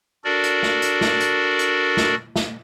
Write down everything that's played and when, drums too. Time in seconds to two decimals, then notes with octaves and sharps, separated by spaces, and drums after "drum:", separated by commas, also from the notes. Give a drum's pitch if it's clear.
0.24 D4 F#4 A4 A#4 D5
0.44 drum: hi-hat
0.63 drum: snare
0.82 drum: hi-hat
1.01 drum: snare
1.20 drum: hi-hat
1.59 drum: hi-hat
1.97 drum: snare
2.36 drum: snare